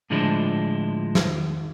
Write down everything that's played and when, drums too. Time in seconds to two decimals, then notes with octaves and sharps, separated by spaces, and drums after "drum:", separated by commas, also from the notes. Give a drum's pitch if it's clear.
0.10 A2 D3 F3 G#3 D4 E4
1.15 drum: snare